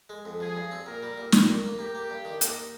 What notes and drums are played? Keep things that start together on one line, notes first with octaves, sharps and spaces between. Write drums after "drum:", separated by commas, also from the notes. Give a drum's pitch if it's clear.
G#3
F2
F3 G#4
G2
C4
A#2 A#4
G3
A#2
G3, drum: snare
A#3
A#3
A#3 G4
A#3
G2
D#3
A#3, drum: hi-hat